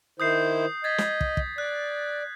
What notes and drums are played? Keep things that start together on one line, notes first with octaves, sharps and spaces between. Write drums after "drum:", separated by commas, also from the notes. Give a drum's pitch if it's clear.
D#3 E4 C5 D#6 G6 C7
D#5 G#6 A6 B6
drum: snare
drum: kick
drum: kick
D5 F#6